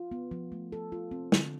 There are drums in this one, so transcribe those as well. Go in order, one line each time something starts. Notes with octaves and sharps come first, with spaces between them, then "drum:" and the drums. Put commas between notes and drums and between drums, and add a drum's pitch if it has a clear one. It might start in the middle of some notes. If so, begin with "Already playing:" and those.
Already playing: F4
B3
F3
A3
A4
F4
C4
D3, drum: snare